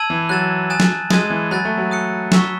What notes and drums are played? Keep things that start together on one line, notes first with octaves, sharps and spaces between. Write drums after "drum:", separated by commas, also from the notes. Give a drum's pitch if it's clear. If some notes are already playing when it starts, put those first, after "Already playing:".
Already playing: A5 E6 G#6 D#7 F#7
E3
F#3 F#6 A6 E7
G#5 D#6 F#6 A6 E7
drum: snare
G#3 D#6 G#6 D#7, drum: snare
E3
F#3 G#5 B5 F#6 A6
A3
F#3
D#6 F#6 C#7
F#3 C#6 E6 B6 E7, drum: snare